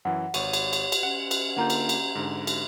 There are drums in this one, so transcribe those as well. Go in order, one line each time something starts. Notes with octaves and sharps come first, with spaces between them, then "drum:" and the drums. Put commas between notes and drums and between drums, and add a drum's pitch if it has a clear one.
F#2 E3 F#5
G#1 C#5 C#6 D#7, drum: cymbal
drum: cymbal
drum: cymbal
drum: cymbal
C#4 F#5
drum: cymbal
D3 A#3 F4 F#5 A#5 G6
drum: cymbal
drum: cymbal
G#2 D3
drum: cymbal